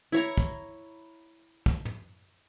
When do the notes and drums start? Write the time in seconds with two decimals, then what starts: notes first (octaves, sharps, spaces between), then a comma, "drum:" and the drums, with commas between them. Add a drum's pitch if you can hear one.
0.12 E4 C#5 A#5
0.38 drum: kick
1.66 drum: kick
1.85 drum: tom